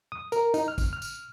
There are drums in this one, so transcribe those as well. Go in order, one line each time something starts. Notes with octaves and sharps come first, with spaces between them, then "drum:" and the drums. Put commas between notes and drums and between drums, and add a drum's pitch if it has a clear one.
D#6
A#4, drum: tambourine
D#4, drum: tambourine
F6
drum: kick, tambourine
F6
drum: tambourine